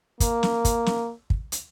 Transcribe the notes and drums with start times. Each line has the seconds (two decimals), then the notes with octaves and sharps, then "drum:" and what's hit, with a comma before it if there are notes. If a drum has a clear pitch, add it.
0.20 A#3, drum: kick, hi-hat
0.43 drum: snare
0.65 drum: kick, hi-hat
0.86 drum: snare
1.30 drum: kick
1.52 drum: hi-hat